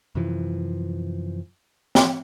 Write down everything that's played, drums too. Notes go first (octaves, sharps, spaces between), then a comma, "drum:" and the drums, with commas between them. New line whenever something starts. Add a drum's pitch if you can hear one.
F#2 C3 E3 F3
drum: snare